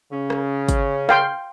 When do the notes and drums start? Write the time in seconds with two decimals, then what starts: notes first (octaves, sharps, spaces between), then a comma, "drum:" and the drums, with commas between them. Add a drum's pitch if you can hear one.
0.11 C#3 C#4
0.30 drum: rim click
0.69 drum: kick, hi-hat
1.09 F5 G5 C6, drum: rim click